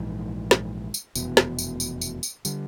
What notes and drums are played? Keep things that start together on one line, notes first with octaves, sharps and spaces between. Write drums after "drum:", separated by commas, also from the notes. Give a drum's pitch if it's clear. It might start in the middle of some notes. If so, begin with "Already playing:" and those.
Already playing: A#1 G#2 E3
drum: snare
drum: tambourine
F1 E2 B2, drum: tambourine
drum: snare
drum: tambourine
drum: tambourine
drum: tambourine
drum: tambourine
D3 G3, drum: tambourine